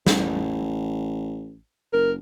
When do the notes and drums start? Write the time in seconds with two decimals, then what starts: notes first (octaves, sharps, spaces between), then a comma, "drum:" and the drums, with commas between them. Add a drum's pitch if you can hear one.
0.07 A1, drum: snare
1.93 F#1 A#4